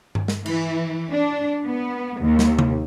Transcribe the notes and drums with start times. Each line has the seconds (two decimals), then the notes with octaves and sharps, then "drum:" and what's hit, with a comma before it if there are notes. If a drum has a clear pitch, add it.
0.15 drum: tom G2
0.28 drum: snare
0.46 E3, drum: cymbal
1.10 D4
1.65 B3
2.20 D#2
2.39 drum: snare
2.59 drum: tom C3